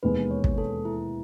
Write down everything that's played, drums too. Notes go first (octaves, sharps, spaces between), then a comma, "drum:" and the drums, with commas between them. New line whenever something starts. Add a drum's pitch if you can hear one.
E1 D#2 D#3 G#3 B3 B4
C#5
drum: kick
A4
E4